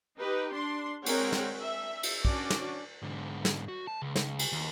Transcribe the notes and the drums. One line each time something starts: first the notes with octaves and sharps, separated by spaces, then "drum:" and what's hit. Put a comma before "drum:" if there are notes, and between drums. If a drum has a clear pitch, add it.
D#4 G4 B4
D4 C6
G#3 C4 A#4 C#5 F#5 G5, drum: cymbal
drum: snare
E5
drum: cymbal
C#4 D4 F#4 D5, drum: kick
drum: snare
G#2 D3
drum: snare
F#4
A5
C#2
drum: snare
drum: cymbal
D#2